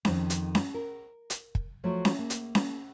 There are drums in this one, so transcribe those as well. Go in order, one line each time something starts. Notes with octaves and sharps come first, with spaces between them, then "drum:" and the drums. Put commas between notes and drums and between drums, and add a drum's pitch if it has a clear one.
F2 D#3, drum: snare C#4
drum: hi-hat
drum: snare C#4
A#4
drum: hi-hat
drum: kick
F3 F#3 A3
drum: snare C#4
A#3
drum: hi-hat
drum: snare C#4